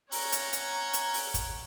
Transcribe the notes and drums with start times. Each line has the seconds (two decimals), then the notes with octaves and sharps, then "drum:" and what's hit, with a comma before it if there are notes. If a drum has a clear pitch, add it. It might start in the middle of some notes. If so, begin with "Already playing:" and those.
0.12 C#4 C#5 F#5 A#5, drum: open hi-hat
0.32 drum: hi-hat
0.53 drum: hi-hat
0.93 drum: hi-hat
1.14 drum: open hi-hat
1.34 drum: kick, hi-hat